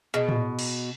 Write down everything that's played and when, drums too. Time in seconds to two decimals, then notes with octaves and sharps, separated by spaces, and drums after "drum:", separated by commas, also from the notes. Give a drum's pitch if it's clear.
0.14 B2 G#4 D#5
0.29 drum: tom A2
0.59 drum: cymbal